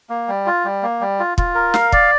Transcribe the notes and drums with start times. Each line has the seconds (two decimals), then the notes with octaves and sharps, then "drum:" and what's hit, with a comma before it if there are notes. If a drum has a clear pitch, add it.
0.10 A#3
0.28 G3
0.46 F4
0.65 G3
0.83 A#3
1.01 G3
1.20 F4
1.38 F4, drum: kick
1.55 A#4
1.74 F5, drum: snare
1.92 D5, drum: kick